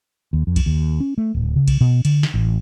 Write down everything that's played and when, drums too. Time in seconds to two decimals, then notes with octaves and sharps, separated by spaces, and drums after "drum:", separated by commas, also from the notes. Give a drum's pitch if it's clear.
0.33 D#2
0.47 F2
0.56 drum: kick B1, cymbal
0.66 D#2
1.00 C#4
1.18 A3
1.35 D1
1.56 C#3
1.68 drum: kick B1, cymbal
1.81 B2
2.05 D3, drum: cymbal
2.23 drum: snare
2.34 A1